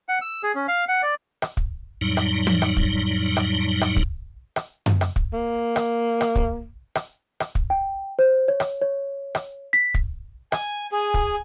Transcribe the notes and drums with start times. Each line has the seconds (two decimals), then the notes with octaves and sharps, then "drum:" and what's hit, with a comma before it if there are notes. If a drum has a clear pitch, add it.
0.09 F#5
0.22 E6
0.43 G#4
0.55 C#4
0.68 F5
0.88 F#5
1.02 D5
1.42 drum: rim click
1.57 drum: kick
2.01 F2 A2 F#3 G3 D#4
2.17 drum: rim click
2.47 drum: tom
2.62 drum: rim click
2.77 drum: kick
3.36 drum: rim click
3.81 drum: rim click
3.96 drum: kick
4.56 drum: rim click
4.86 drum: tom F#2
5.01 drum: rim click
5.16 drum: kick
5.33 A#3
5.76 drum: rim click
6.21 drum: rim click
6.36 drum: kick
6.95 drum: rim click
7.40 drum: rim click
7.55 drum: kick
7.70 G5
8.19 C5
8.48 C#5
8.60 drum: rim click
8.81 C#5
9.35 drum: rim click
9.73 B6
9.94 drum: kick
10.52 G#5, drum: rim click
10.93 G#4 G#5
11.14 drum: kick